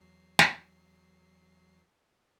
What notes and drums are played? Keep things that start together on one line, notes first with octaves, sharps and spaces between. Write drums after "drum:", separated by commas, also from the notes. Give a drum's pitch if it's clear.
E2 F#3 C7
drum: snare